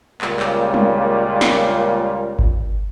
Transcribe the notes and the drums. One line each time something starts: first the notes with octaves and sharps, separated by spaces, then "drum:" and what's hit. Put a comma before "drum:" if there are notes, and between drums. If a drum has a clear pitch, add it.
C#2 A#2 C#3 G3 A#3, drum: clap
drum: clap
drum: tom
drum: snare
drum: kick G1